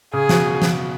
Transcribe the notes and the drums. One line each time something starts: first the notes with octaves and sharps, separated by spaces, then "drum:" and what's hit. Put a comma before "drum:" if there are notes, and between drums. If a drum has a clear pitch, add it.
C#3 G#4
B2, drum: snare
drum: snare